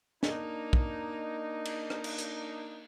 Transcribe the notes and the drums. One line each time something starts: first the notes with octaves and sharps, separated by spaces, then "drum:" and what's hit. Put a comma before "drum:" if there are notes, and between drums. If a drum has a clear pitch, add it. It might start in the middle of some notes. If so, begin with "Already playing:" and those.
A#3 D4 D#4, drum: snare
drum: kick
drum: cymbal
drum: rim click
drum: cymbal
drum: hi-hat